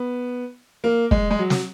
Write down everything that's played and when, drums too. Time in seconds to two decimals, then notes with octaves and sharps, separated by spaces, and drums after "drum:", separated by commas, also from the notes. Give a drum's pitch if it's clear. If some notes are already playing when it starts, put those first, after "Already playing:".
Already playing: B3
0.84 A#3
1.11 G#3, drum: kick
1.31 G#3
1.39 F#3
1.50 drum: snare